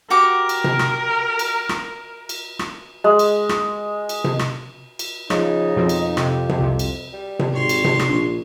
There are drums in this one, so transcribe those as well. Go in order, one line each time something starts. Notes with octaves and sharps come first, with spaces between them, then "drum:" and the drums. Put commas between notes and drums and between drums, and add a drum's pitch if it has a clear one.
F#4 G4 A#4 D6
drum: cymbal
drum: tom C3
drum: rim click
drum: cymbal
drum: rim click
drum: cymbal
drum: rim click
G#3
drum: cymbal
drum: rim click
drum: cymbal
drum: tom C3
drum: rim click
drum: cymbal
C#3 F3 D#4, drum: rim click
F2 B2 F3 C4
drum: cymbal
C3 G4, drum: rim click
drum: tom C3
C2 C3
drum: cymbal
G3
drum: tom C3
G#1 C#5 C6
drum: cymbal
drum: tom C3
drum: rim click
A#1 D4